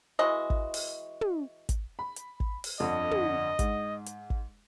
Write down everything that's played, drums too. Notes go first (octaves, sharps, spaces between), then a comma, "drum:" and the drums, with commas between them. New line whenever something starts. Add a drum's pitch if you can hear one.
E3 G#3 F#4 D#5
drum: kick
drum: open hi-hat
drum: tom
drum: kick, hi-hat
B5
drum: hi-hat
drum: kick
drum: open hi-hat
G1 F2 D3 D#5
drum: tom
G#2, drum: kick, hi-hat
drum: hi-hat
drum: kick